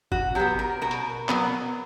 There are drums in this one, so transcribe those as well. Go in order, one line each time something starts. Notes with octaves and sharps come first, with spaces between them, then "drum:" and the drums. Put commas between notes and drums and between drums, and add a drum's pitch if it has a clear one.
F#4, drum: kick G1
F#3 B3 G4
A#4
B2 A#4
drum: hi-hat
F#3 B3, drum: clap